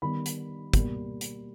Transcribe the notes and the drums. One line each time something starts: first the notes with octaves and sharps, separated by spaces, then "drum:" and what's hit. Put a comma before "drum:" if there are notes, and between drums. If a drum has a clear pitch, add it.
D#3 G3 B3 B5
drum: hi-hat
B2 G3 A#3, drum: kick, hi-hat
drum: hi-hat